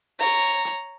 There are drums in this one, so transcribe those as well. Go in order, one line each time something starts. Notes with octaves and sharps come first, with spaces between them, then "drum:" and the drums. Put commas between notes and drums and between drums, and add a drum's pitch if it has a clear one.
C#5 A#5, drum: open hi-hat
drum: hi-hat